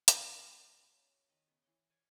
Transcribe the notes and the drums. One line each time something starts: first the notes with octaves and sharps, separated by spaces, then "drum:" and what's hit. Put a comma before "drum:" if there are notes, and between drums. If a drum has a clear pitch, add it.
drum: hi-hat
B2 C#4 G#4 A#4
D#3 D#5 A#5 B5
C#3 B3
E3 F#5 C6
C#5 D5 F5 G#5